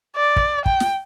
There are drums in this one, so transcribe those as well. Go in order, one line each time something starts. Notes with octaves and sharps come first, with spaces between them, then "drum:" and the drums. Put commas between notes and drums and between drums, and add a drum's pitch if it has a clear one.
D5
drum: kick
G5, drum: kick
drum: snare